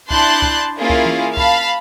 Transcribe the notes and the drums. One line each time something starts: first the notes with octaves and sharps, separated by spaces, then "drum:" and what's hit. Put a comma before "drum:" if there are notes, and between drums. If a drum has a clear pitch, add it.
D4 E4 A5 C6 F#6 G6, drum: kick C2
drum: kick C2
A#3 C#4 E4 F4 G#4
drum: kick C2
drum: tom E3
F5 A5 B5, drum: kick C2